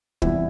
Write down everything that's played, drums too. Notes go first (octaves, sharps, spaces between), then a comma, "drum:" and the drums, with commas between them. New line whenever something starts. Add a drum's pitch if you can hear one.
E2 C3 G3 E4, drum: kick